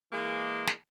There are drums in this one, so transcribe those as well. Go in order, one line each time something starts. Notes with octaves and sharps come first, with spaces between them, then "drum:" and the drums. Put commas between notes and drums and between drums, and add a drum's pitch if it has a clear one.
E3 G#3 A#3
drum: snare